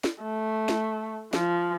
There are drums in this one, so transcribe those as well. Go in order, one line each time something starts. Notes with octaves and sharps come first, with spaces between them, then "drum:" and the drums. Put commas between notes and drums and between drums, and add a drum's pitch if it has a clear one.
drum: snare
A3
drum: snare
F3, drum: snare